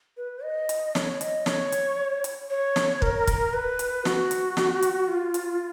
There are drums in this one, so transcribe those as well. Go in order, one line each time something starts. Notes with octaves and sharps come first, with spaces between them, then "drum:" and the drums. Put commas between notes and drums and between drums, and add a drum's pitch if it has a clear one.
B4
D#5
drum: hi-hat
C#5, drum: snare
D#5, drum: hi-hat
C#5, drum: snare
drum: hi-hat
drum: hi-hat
C#5
drum: snare
A#4, drum: kick
drum: kick, hi-hat
B4
drum: hi-hat
F#4, drum: snare
drum: hi-hat
drum: snare
drum: hi-hat
F4
drum: hi-hat